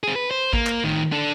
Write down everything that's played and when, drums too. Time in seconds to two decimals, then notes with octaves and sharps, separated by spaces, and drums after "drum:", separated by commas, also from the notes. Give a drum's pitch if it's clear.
0.03 C4 G#4
0.16 B4
0.31 C5
0.53 A#3, drum: kick
0.67 drum: clap
0.84 A2 D#3
1.12 D4 A4